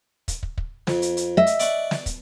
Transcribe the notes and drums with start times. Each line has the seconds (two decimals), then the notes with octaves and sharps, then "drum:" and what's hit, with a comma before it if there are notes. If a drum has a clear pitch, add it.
0.28 drum: kick, hi-hat
0.43 drum: kick
0.58 drum: kick
0.87 F2, drum: snare
1.02 drum: hi-hat
1.17 drum: hi-hat
1.37 D#5 E5
1.47 drum: hi-hat
1.60 D5 F#5 C#6, drum: hi-hat
1.91 drum: snare
2.06 drum: kick, hi-hat